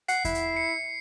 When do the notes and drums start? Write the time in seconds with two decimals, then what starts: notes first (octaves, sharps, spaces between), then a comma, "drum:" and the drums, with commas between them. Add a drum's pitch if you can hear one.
0.08 F#5 C7, drum: hi-hat
0.25 E4, drum: kick E2, hi-hat
0.35 drum: hi-hat
0.56 C#7